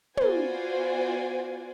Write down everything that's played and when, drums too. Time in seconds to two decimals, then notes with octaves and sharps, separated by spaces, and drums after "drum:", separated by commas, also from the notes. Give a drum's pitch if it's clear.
0.17 B3 F4 F#4 C5 D5 G#5, drum: tom